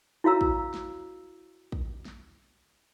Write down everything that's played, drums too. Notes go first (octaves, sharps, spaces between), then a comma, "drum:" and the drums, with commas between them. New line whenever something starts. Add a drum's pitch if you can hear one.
E4 F#4 C#5 F5 A#5 E6
drum: kick
drum: snare
drum: kick
drum: snare